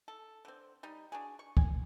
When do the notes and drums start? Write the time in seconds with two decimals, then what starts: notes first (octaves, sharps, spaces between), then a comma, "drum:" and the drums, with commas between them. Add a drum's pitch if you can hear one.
0.08 A4
0.45 D3 C4
0.83 G3 D#4
1.12 D4 F#4 G#4
1.39 C#6
1.57 G#5, drum: kick